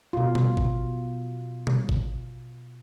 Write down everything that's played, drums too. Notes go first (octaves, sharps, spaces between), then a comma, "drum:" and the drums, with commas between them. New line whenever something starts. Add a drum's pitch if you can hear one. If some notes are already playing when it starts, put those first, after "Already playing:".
B2 F4
drum: tom B2
drum: kick G#1
drum: tom B2
drum: kick G#1